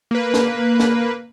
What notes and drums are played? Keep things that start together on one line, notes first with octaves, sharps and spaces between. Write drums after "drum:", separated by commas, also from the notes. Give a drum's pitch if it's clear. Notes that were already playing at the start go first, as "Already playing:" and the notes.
A#3 B4
drum: snare
drum: snare